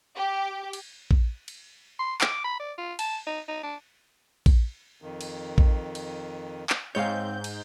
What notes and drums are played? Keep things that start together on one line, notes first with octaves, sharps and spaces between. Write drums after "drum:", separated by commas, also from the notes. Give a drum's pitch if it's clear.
G4
drum: cymbal
drum: kick A#1
drum: cymbal
C6
D6, drum: clap
B5
D5
F4
A5, drum: cymbal
D#4
D#4
D4
drum: kick A#1, cymbal
F2 D#3
drum: cymbal
drum: kick A#1
drum: cymbal
drum: clap
G#2 C4 C#5 F5 G6
drum: cymbal